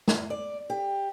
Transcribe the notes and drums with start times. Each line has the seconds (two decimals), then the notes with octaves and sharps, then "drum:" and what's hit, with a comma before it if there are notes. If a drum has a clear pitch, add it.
0.08 E2, drum: snare
0.30 D5
0.70 G4